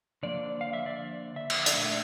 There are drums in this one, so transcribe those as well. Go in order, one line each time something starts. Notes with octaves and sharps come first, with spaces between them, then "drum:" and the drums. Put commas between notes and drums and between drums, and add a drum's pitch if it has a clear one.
D3 F3 A#3 D5
F5
E5
D5
E5
drum: cymbal
D5, drum: hi-hat
A#2 A3 D4 E5